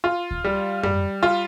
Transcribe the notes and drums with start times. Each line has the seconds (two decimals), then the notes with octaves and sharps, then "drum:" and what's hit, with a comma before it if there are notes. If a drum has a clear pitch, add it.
0.04 F4
0.31 drum: kick D2
0.44 G3
0.83 G3, drum: tom F#2
1.23 F4